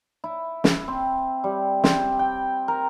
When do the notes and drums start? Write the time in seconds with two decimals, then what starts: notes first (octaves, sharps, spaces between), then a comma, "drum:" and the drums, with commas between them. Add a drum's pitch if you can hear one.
0.24 E4
0.64 drum: snare
0.88 C4
1.44 G3
1.84 C4, drum: snare
2.19 G5
2.68 A#4